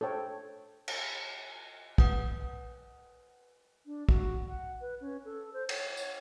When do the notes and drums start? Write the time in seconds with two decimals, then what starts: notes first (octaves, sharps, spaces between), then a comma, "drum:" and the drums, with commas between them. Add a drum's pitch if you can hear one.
0.01 A4 C5 C#5 G5
0.88 drum: cymbal
1.98 B4 F#5 D#6 G6, drum: kick
3.86 D4
4.09 F#4, drum: kick
4.47 F#5
4.81 B4
5.01 C#4
5.25 A4
5.53 C5
5.69 C#5, drum: cymbal
5.97 C#5, drum: tambourine